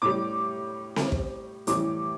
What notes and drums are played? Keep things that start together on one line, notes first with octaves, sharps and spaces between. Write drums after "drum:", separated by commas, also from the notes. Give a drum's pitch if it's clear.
A2 G3 D6
drum: snare C4
drum: kick
A2 E3 G3 D6, drum: hi-hat